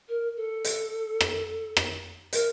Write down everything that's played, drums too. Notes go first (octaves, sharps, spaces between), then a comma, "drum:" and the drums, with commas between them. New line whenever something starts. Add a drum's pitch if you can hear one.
A#4
A4
drum: hi-hat
drum: rim click
drum: rim click
A#4, drum: hi-hat